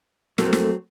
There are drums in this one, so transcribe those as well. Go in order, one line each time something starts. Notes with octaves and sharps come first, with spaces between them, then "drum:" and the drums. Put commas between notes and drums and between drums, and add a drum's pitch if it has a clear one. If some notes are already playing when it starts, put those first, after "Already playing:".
F2 F#3 A3 A#3 C4, drum: snare
drum: snare